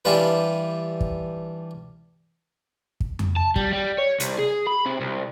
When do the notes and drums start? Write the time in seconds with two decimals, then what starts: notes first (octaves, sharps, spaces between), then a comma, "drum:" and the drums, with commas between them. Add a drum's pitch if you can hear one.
0.05 E3 G3 D4 F4 B4
1.01 drum: kick
3.00 drum: kick
3.19 drum: tom F2
3.36 A5
3.56 G3, drum: kick
3.73 G3
3.98 C#5
4.20 C2, drum: hi-hat
4.39 G#4
4.67 B5
4.86 C3
5.01 C2